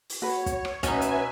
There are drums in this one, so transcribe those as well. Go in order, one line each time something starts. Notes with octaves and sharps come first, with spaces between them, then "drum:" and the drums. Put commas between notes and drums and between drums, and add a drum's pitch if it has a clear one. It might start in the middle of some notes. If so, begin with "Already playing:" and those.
drum: open hi-hat
F#4 B4 C#5
drum: kick, hi-hat
drum: rim click
B2 C#4 D#4 F#4 B4 E5 G#5, drum: kick, hi-hat
drum: hi-hat